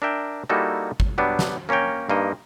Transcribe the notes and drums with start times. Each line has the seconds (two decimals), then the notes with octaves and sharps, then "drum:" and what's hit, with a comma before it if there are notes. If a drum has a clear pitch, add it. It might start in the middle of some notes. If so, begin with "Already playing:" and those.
0.02 D4 A#4 E5 G5
0.49 G3 A#3 D#4 E4 F#4 A4
1.00 drum: kick G#1
1.18 F#3 G3 B3 D4
1.39 drum: snare
1.69 A#3 C#4 A#4 C#5 G5
2.10 G2 A#3 D#4 D#5